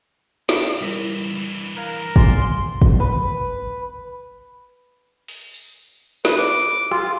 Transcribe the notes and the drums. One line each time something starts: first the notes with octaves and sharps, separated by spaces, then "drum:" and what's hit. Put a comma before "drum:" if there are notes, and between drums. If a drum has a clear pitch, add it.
F5 B5, drum: snare
C#2 E3 G3 E4 A#4
G2 E3
A#4 F5 F#6 G#6
G#5 C6 D6 A6, drum: kick
drum: kick
B4
drum: open hi-hat
drum: tambourine
B4, drum: snare
D6
F4, drum: rim click